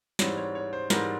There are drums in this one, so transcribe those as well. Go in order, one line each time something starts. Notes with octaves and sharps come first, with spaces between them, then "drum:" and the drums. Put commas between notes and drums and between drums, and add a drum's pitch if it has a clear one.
G#2 E3 G3 C4 C#5, drum: snare
C#5
C#5
C5
G#2 E3 G3 C4 A#4, drum: snare